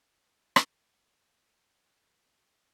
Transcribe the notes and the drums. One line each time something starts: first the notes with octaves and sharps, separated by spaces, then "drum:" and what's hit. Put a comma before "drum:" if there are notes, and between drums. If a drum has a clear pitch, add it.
drum: rim click
C#2
C#2
D2
E2
B2